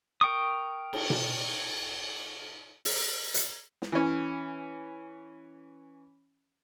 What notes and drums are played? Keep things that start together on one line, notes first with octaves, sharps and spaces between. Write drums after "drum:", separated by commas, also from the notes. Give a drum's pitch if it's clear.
A#4 G5 C#6 D#6
drum: cymbal
drum: tom B2
drum: open hi-hat
drum: hi-hat
drum: snare
E3 C#4